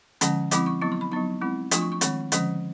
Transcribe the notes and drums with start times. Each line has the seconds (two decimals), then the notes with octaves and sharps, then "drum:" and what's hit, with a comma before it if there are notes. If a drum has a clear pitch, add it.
0.21 D3 F3 G#3 C#4 A5, drum: hi-hat
0.51 F3 G#3 C4 E4 D6, drum: hi-hat
0.66 C#6
0.81 F#3 B3 E4 C#6
0.92 C6
1.01 B5
1.12 F#3 B3 D#4 C#6
1.41 G#3 C4 E4
1.71 F3 A3 D4 F4 C#6, drum: hi-hat
1.81 C#6
1.92 C#6
2.01 D#3 G#3 C4, drum: hi-hat
2.32 D3 F3 G#3 C#4, drum: hi-hat